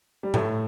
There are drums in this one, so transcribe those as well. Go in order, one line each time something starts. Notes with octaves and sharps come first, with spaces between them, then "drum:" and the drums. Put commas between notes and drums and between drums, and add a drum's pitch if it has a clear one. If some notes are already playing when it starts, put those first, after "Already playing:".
G3
A2 A3, drum: tom A2